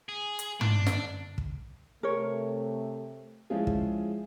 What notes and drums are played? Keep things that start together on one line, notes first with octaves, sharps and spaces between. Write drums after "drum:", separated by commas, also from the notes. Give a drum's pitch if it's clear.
G#4
drum: hi-hat
D4, drum: tom
drum: snare
drum: kick
C3 A3 A#4 C#5
F3 G#3 C#4 E4 F4 G#4
drum: kick